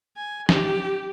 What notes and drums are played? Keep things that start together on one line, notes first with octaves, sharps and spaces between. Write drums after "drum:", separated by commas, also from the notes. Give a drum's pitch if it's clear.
G#5
G4, drum: snare